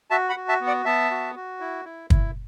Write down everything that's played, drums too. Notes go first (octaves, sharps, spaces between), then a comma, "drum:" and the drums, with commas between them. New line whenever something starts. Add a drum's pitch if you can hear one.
F#4 E5 A5
F#5 B5
F#4
E5 A5
B3
D5 F#5
B3 E5 A5
F#4
F#4
E4
E4
E4, drum: kick